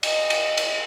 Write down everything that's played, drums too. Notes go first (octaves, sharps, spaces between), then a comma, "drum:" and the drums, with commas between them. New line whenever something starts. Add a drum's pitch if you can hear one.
D#5, drum: cymbal
drum: cymbal
drum: cymbal